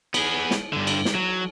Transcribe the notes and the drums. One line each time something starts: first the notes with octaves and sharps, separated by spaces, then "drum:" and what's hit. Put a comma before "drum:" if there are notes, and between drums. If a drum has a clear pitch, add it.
B3 G#4, drum: cymbal
drum: snare
G2 D3
drum: cymbal
drum: snare
F#3